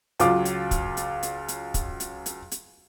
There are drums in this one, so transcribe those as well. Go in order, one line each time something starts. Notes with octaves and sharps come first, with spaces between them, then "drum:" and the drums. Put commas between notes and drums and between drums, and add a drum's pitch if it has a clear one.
C#2 F#3 F4 D6, drum: hi-hat
drum: hi-hat
drum: kick, hi-hat
drum: hi-hat
drum: hi-hat
drum: hi-hat
drum: kick, hi-hat
drum: hi-hat
drum: hi-hat
drum: hi-hat